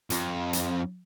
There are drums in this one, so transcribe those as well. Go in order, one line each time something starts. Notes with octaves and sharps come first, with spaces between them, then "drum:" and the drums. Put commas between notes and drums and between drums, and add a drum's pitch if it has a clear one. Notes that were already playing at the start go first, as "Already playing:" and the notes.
F2, drum: hi-hat
drum: hi-hat